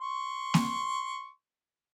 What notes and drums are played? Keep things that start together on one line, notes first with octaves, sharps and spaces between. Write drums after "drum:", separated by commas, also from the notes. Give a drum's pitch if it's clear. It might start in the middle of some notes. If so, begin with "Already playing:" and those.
C6 C#6
drum: snare A#3